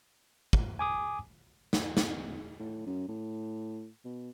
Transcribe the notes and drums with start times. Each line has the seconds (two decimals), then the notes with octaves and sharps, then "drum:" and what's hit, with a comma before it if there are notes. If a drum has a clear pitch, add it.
0.53 drum: kick
0.79 G#5 D6 D#6
1.73 drum: snare
1.97 D1, drum: snare
2.60 A2
2.86 F#2
3.08 A2
4.05 B2